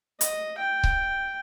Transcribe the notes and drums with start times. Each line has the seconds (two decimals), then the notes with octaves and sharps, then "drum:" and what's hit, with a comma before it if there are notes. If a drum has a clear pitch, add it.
0.21 D#5, drum: hi-hat
0.58 G5
0.84 drum: kick C#1